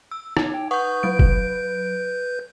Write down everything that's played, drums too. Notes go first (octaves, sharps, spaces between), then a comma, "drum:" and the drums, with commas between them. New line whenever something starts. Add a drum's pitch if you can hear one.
E6
D#4, drum: rim click
G5
B4 F#5 C#6 D#6 G6
F#3 D7
drum: kick F#1